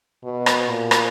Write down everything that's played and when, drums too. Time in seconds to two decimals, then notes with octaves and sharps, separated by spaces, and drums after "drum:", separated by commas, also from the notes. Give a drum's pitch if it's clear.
0.24 B2
0.46 drum: rim click
0.69 A#2
0.91 drum: rim click